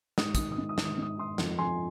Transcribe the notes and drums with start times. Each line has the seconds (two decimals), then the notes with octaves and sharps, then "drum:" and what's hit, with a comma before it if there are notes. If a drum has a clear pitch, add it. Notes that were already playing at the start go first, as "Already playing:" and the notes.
0.18 G#2 D#6, drum: snare
0.35 D#3 D#6, drum: kick, hi-hat
0.52 D#6
0.58 G#2
0.69 D#6
0.78 D#3, drum: snare
0.85 D#6
0.98 G#2 D#6
1.18 D#3 C6 D#6
1.38 F2, drum: snare
1.58 F2 G#5 C6